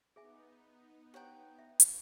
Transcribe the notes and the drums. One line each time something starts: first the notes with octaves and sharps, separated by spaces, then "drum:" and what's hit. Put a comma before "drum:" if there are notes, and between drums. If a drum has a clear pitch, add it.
B3 D#4 G#4 E5 G#5
G4 C#5 F#5 G5 A#5
E5
drum: hi-hat